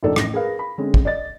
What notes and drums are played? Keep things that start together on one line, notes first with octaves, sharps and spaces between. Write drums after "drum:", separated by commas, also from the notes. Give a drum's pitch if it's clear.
F1 A#1 D#4 A4 D5
A1 A#6, drum: rim click
G#4 A#4 B4 F5
B5
D3 G#3 C4 C#4
drum: kick
D5 D#5 A6